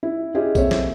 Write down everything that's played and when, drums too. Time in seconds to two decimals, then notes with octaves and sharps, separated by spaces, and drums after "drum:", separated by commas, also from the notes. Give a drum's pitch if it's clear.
0.03 E4
0.34 C#4 E4 F4 G4 G#4 D#5
0.55 A#3 C4 A4 C#5 E5, drum: kick A#1, tambourine
0.71 drum: snare